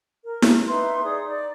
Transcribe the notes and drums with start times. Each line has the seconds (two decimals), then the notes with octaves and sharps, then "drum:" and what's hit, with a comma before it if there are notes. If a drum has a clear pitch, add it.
0.23 A#4
0.42 drum: snare E4
0.67 D#4 B4 E5 C6
1.04 D#4 G#4 D5 D#6
1.26 D#4 D5